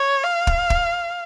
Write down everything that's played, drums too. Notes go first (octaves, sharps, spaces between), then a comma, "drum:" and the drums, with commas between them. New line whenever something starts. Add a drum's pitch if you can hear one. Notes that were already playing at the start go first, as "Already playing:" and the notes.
Already playing: C#5
F5
drum: kick
drum: kick